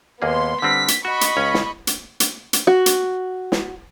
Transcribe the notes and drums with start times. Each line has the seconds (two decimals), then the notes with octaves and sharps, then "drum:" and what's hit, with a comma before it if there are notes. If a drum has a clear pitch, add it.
0.22 D#2 A#3 B3 G#4 C6
0.62 D3 G3 C4 B6
0.88 drum: hi-hat
1.05 F#4 D#5 B5 C#6
1.21 drum: hi-hat
1.37 C#2 C#4 A#5
1.54 drum: snare
1.87 drum: hi-hat
2.20 drum: hi-hat
2.53 drum: hi-hat
2.67 F#4
2.86 drum: hi-hat
3.52 drum: snare